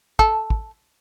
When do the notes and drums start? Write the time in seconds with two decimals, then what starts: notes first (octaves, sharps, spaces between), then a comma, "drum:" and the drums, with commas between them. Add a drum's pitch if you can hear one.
0.19 A4, drum: kick
0.50 drum: kick